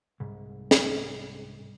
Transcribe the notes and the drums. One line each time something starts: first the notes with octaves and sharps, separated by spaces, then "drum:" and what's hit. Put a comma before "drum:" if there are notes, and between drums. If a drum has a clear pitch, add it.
C2 G#2
drum: snare